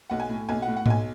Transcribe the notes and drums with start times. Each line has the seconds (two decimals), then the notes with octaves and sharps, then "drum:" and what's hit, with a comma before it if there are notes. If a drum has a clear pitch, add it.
0.10 B1 F#5
0.20 G#5
0.29 A2
0.49 B1 G#5
0.62 A2 F#5
0.76 F#5
0.86 B1 G#5, drum: tom G#2